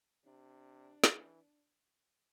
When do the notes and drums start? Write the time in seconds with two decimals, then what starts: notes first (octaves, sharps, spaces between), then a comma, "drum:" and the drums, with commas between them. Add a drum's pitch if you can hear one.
0.25 C3 D4
1.04 E3, drum: snare